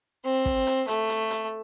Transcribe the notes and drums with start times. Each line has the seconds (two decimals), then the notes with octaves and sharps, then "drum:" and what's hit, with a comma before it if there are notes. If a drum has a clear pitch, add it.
0.25 C4
0.46 drum: kick
0.67 drum: hi-hat
0.88 A3, drum: hi-hat
1.09 drum: hi-hat
1.31 drum: hi-hat